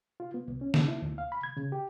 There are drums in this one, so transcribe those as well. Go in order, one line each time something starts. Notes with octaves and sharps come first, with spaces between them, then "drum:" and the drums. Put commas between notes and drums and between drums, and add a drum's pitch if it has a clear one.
F4
B3
C2
C#4
C#3, drum: snare
E4
D2
F5
B5
G#6
C#3
G4